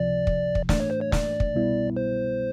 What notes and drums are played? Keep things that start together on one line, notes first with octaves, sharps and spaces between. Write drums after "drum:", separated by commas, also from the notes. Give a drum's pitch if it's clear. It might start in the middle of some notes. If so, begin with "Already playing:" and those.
Already playing: C#2 C3 F3 D5
drum: kick
drum: kick
A2 E3 A3 D4 D5, drum: snare
C#5
C5
C#5
D5, drum: snare
drum: kick
C2 B2 G3 B3 E4
C5